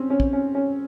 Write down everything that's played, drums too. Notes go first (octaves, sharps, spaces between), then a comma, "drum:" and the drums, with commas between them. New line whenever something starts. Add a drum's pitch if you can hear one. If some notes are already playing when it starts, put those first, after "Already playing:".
Already playing: C4 C#4
C#4
drum: kick
C#4
C#4